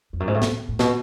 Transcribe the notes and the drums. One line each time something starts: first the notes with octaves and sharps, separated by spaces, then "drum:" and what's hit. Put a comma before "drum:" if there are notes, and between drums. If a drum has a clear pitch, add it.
F2
F#2
G#2
A2
B2, drum: snare
A2
B2, drum: snare